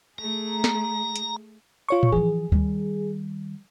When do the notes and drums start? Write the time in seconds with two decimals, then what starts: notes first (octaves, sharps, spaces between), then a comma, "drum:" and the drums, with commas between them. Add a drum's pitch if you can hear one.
0.18 A3 G#4 A#5
0.64 drum: snare
1.16 drum: hi-hat
1.89 F4 C#5 C#6
2.03 drum: tom A2
2.12 E3 F3 G#4
2.52 D#3 G3, drum: kick D2